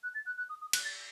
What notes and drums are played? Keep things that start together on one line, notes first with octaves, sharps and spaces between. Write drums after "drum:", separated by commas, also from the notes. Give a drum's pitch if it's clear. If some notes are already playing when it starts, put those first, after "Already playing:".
F#6
A6
F#6
F#6
D#6
D#6
F#6, drum: cymbal
A6